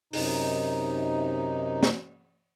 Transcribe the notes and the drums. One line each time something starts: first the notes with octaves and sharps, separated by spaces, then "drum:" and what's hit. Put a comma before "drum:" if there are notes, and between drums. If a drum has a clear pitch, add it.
F#2 C3 D#4, drum: open hi-hat
drum: snare